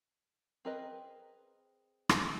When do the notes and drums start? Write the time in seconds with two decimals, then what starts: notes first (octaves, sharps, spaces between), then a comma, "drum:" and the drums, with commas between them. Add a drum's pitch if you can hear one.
0.65 C4 G#4 A#4 B4 D#5
2.09 drum: rim click